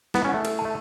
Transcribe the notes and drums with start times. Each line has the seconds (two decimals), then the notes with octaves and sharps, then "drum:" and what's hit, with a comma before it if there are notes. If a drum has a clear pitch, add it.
0.14 B3 E4, drum: snare
0.25 C#4
0.29 A3 F#5
0.45 A4, drum: cymbal
0.59 A5
0.65 A3